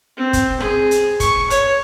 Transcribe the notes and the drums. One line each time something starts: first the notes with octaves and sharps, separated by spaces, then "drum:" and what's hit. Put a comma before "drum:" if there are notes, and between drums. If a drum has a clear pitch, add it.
C4
drum: kick F#1, hi-hat
G#4, drum: rim click
drum: hi-hat
C#6, drum: kick F#1, hi-hat
C#5, drum: hi-hat